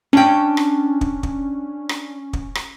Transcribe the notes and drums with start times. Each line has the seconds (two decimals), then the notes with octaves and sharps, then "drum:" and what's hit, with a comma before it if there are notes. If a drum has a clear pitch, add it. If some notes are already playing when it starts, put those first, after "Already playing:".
0.13 C#4 D4 G5
0.57 drum: rim click
1.01 drum: kick
1.23 drum: kick
1.89 drum: rim click
2.33 drum: kick
2.55 drum: rim click